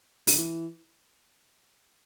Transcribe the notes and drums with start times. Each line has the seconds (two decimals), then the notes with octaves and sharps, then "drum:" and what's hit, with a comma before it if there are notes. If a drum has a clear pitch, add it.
0.27 D3, drum: open hi-hat
0.38 E3